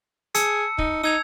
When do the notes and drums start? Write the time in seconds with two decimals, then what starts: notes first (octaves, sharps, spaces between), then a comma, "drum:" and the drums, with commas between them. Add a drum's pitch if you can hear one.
0.35 G#4 A5 E6 C#7, drum: hi-hat
0.78 D#4, drum: kick
1.04 D#4 E6 G#6 F7